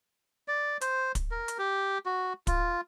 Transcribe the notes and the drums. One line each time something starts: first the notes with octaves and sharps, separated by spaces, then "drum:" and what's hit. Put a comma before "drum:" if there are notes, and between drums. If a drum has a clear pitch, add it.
D5
C5, drum: hi-hat
drum: kick, hi-hat
A#4
drum: hi-hat
G4
F#4
F4, drum: kick, hi-hat